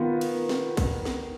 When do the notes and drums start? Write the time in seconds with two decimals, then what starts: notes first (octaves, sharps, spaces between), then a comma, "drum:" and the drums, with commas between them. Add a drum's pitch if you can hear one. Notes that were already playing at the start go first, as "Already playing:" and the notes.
Already playing: D#3 B3 F4
0.21 drum: cymbal
0.49 drum: snare
0.77 drum: kick, cymbal
1.05 drum: snare